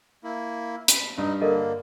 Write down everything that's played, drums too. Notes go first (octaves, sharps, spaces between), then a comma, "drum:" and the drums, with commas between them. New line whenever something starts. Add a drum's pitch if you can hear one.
A#3 E4
B5, drum: hi-hat
G2 D#4
D3 A#3 A4 A#4 D#5